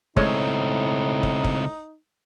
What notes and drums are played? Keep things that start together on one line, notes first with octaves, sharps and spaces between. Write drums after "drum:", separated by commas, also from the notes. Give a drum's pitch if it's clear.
C#2 A2 G#3 A3 C4 D#4 C#5, drum: kick
drum: kick
drum: kick